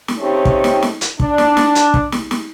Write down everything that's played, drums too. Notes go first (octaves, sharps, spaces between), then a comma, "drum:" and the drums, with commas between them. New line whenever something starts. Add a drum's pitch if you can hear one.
drum: snare
C#3 A3 C4 C#4 D#4 G4
drum: kick
drum: snare
drum: snare
drum: hi-hat
D4, drum: kick
drum: snare
drum: snare
drum: hi-hat
drum: kick
drum: snare
drum: snare